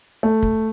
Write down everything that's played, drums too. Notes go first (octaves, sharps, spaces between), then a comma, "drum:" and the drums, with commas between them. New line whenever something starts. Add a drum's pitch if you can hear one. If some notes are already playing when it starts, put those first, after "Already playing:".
A3
drum: kick